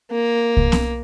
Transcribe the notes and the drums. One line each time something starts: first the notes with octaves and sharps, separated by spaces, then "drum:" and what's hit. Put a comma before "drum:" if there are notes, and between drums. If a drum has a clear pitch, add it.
A#3
drum: kick C2
drum: snare